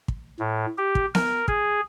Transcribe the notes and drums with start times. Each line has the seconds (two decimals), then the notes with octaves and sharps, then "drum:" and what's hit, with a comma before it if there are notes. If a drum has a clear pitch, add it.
0.08 drum: kick
0.39 A2
0.78 G4
0.95 drum: kick
1.15 A#4, drum: snare B3
1.48 G#4, drum: kick